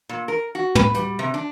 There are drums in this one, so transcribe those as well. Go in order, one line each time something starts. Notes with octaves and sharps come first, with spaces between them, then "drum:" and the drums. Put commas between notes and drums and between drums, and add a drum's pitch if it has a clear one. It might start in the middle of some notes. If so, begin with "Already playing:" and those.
A#2
A#4
F#4
B4, drum: tom
G3, drum: hi-hat
C3
D4